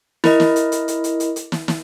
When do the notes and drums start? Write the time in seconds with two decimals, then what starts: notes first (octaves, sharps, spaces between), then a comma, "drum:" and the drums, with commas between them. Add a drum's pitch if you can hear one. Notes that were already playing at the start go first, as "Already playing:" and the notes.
0.24 E4 A#4 D#5, drum: snare
0.40 drum: snare
0.56 drum: hi-hat
0.72 drum: hi-hat
0.88 drum: hi-hat
1.04 drum: hi-hat
1.20 drum: hi-hat
1.36 drum: hi-hat
1.52 drum: snare
1.68 drum: snare